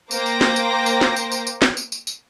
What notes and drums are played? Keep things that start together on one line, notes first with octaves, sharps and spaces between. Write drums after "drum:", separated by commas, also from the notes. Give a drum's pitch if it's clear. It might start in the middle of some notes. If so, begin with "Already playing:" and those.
A#3 C5 G5 D6 A#6, drum: tambourine
drum: tambourine
drum: snare
drum: tambourine
drum: tambourine
drum: snare
drum: tambourine
drum: tambourine
drum: tambourine
drum: snare
drum: tambourine
drum: tambourine
drum: tambourine